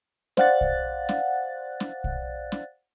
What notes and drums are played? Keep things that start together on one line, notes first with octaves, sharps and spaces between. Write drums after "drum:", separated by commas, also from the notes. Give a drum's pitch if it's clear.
C5 D5 F5 F#5 F#6 A6, drum: snare
drum: kick
drum: snare
drum: snare
drum: kick
drum: snare